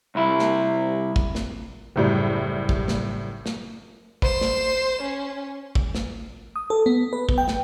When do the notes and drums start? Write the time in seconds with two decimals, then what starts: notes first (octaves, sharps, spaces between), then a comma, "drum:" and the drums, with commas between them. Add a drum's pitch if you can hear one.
0.15 C2 E4
0.39 drum: snare
1.16 drum: kick
1.35 drum: snare
1.96 F#1 A2 G3
2.69 drum: kick
2.88 drum: snare
3.46 drum: snare
4.22 C5 E7, drum: kick
4.41 drum: snare
5.02 C#4
5.75 drum: kick
5.95 drum: snare
6.56 D#6
6.70 A4
6.86 B3
7.13 B4
7.29 drum: kick
7.38 G5
7.48 drum: snare